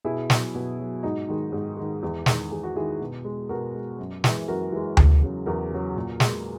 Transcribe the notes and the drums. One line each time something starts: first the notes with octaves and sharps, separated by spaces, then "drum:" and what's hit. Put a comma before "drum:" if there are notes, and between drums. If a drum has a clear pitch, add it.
B2 E4 G#4
F#3, drum: snare
B2
F#3
G#2 D#4 F#4
D#3 G#3
G#2
D#3 G#3
E2
D#3 G#3, drum: snare
E2 G#4
F#4
D#3 G#3 E4 G#4
B2
G#3
B2 F#4 A#4
G#3
F#2
E3 G#3, drum: snare
F#2 F#4 A#4
E3 G#3
E2, drum: tom D2
C#3 F#3
E2 F#4 A#4
C#3 F#3
A#2
G#3, drum: snare